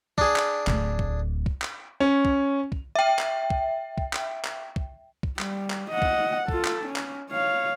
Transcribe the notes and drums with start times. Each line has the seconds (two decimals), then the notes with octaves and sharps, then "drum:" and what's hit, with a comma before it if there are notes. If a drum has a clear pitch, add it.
0.18 D4 G#4, drum: kick
0.36 drum: clap
0.67 D1 D2, drum: clap
0.99 drum: kick
1.46 drum: kick
1.62 drum: clap
2.00 C#4
2.25 drum: kick
2.72 drum: kick
2.95 E5 G5
3.19 drum: clap
3.50 drum: kick
3.98 drum: kick
4.13 drum: clap
4.45 drum: clap
4.76 drum: kick
5.23 drum: kick
5.39 G3, drum: clap
5.70 drum: clap
5.91 D#5 F#5
6.02 drum: kick
6.48 F4 A4, drum: kick
6.65 drum: clap
6.85 C#4
6.96 drum: clap
7.31 C#5 F5